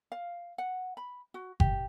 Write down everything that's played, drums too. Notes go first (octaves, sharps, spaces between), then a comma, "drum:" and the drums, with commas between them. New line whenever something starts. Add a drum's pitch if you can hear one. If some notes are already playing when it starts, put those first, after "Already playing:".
F5
F#5
B5
F#4
G4, drum: kick G1